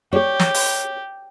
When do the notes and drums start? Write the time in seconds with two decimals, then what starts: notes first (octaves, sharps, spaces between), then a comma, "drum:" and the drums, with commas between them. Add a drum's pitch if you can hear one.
0.13 G4 C#5
0.40 drum: snare
0.54 drum: open hi-hat